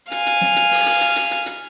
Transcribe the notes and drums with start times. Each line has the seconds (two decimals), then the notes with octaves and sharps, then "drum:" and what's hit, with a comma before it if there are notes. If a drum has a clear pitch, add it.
0.11 F5 G#5, drum: hi-hat
0.26 drum: hi-hat
0.41 drum: snare
0.56 drum: hi-hat
0.71 drum: open hi-hat
0.86 drum: hi-hat
1.01 drum: hi-hat
1.16 drum: hi-hat
1.31 drum: hi-hat
1.46 drum: hi-hat